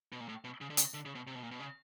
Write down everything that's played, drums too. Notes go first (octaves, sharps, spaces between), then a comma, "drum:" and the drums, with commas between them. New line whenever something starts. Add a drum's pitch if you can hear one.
B2
A#2
A2
B2
C#3
D3
C#3, drum: hi-hat
D3
C#3
B2
C3
B2
A#2
B2
C#3